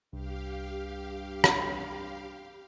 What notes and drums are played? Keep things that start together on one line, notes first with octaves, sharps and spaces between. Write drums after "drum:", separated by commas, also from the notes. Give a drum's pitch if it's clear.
C2 G2 G4 F5
drum: rim click